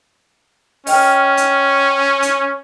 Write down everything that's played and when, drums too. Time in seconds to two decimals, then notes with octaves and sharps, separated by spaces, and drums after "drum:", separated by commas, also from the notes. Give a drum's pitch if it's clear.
0.87 C#4 D#5 G5 F6, drum: open hi-hat
1.37 drum: hi-hat
2.22 drum: hi-hat